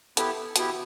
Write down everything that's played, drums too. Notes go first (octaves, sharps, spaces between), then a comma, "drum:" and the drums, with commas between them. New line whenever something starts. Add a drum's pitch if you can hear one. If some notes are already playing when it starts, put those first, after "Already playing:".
B3 E4 G4 A4, drum: hi-hat
B3 E4 F#4 G4, drum: hi-hat